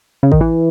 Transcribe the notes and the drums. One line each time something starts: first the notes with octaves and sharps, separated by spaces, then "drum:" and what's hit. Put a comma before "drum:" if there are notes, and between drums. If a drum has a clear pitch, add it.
C#3
D#3, drum: kick A1
E3